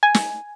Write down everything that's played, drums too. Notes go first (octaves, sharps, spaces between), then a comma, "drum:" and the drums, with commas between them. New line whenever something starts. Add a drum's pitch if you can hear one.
G#5
drum: snare